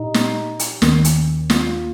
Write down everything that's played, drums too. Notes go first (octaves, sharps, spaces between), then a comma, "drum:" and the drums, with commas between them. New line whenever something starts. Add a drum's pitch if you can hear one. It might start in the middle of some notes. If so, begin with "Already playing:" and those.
Already playing: A#2 D#4 G4
drum: snare
drum: hi-hat
D#2 D#3 A#3 C#4, drum: snare
drum: hi-hat
F4, drum: snare